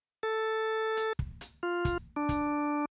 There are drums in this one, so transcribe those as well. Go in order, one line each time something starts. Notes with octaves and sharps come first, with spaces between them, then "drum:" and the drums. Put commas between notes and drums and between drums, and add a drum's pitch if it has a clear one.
A4
drum: hi-hat
drum: kick
drum: hi-hat
F4
drum: kick, hi-hat
D4
drum: kick, hi-hat